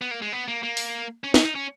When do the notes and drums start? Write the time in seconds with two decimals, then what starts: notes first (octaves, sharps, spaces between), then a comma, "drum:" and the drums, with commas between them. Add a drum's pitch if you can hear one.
0.01 B3
0.11 A#3
0.22 G#3
0.32 B3
0.48 A#3
0.63 A#3
0.77 drum: open hi-hat
1.24 C#4
1.34 C#4, drum: snare
1.45 D#4
1.55 C#4